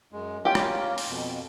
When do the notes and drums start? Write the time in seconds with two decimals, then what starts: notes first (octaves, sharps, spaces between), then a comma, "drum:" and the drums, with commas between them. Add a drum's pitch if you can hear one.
0.13 F#2 G#3
0.45 A#3 C#4 F4 G4 G5
0.55 drum: rim click
0.98 drum: open hi-hat
1.09 F2 B2